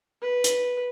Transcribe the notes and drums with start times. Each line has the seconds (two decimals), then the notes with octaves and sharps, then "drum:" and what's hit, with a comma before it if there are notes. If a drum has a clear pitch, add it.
0.22 B4
0.44 drum: hi-hat